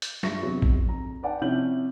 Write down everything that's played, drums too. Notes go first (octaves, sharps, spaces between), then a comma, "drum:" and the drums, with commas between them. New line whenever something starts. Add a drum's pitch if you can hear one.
drum: hi-hat
G2 F4 E5 C#6 A#6, drum: snare
E2 C3 F#3 G#3 B3
drum: kick
F2 A#5
B4 D5 F#5 G5 A5
C3 F3 C#4 E4 G6 F#7